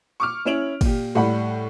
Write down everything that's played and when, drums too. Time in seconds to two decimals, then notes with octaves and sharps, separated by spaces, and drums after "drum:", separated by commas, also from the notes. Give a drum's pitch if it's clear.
0.20 C#6 D6 F6
0.45 C#4 E4 C#5 D7 F7 F#7
0.81 A#2 G4, drum: kick, cymbal
1.15 A2 G3 F#5 B5